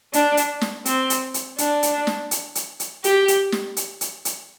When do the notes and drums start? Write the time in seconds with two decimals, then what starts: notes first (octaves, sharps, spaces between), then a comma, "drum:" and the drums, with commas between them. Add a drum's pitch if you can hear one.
0.13 D4, drum: hi-hat
0.37 drum: hi-hat
0.61 drum: snare
0.85 C4, drum: hi-hat
1.10 drum: hi-hat
1.34 drum: hi-hat
1.58 D4, drum: hi-hat
1.83 drum: hi-hat
2.07 drum: snare
2.31 drum: hi-hat
2.55 drum: hi-hat
2.80 drum: hi-hat
3.04 G4, drum: hi-hat
3.28 drum: hi-hat
3.52 drum: snare
3.77 drum: hi-hat
4.01 drum: hi-hat
4.25 drum: hi-hat